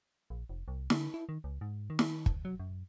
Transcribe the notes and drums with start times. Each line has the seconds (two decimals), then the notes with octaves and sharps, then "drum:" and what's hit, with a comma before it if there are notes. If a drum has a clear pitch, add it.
0.30 A#1
0.49 F1
0.68 C2
0.90 D3, drum: snare
1.14 E4
1.29 D#3
1.44 C#2
1.61 G#2
1.90 D#3
1.99 drum: snare
2.26 D2, drum: kick
2.45 F#3
2.60 F#2